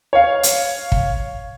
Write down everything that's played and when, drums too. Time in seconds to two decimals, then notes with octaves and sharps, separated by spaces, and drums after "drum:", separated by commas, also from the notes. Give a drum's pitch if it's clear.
0.13 C#5 F5
0.43 drum: hi-hat
0.92 drum: kick